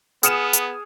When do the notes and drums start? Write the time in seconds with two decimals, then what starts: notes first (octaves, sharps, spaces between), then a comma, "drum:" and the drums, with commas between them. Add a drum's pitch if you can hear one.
0.23 B3 G#4 D#6 F6 C#7 E7, drum: hi-hat
0.53 drum: hi-hat